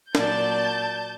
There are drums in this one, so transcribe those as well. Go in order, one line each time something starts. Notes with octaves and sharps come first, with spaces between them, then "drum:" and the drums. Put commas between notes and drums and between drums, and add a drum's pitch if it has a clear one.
A#2 F#3 D5 A5 G6 A6, drum: snare